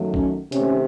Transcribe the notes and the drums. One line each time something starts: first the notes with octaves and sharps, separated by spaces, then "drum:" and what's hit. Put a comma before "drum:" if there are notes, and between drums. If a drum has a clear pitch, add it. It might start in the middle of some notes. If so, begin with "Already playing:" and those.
Already playing: F#2 D#3 F#3 A3
C#4, drum: kick
C3 D#3 A3 C#4, drum: hi-hat